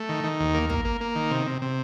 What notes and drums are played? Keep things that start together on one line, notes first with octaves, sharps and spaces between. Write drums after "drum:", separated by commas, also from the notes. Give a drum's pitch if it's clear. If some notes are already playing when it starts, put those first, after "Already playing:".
Already playing: A3
D#3
D#3
D#2
A#3
A#3, drum: kick
A#3
A#3
D#3
C3
C3
C3